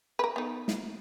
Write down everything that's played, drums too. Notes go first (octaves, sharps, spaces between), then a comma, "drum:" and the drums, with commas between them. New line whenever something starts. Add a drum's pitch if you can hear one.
A#4 B4
B3 D#4
drum: snare